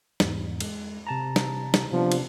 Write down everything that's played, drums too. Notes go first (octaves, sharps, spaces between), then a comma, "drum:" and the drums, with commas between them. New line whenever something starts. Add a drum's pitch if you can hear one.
E2 G#2, drum: snare
G#3, drum: cymbal
C3 A5 A#5
drum: snare
drum: snare
C3 F3 B3 D4
drum: cymbal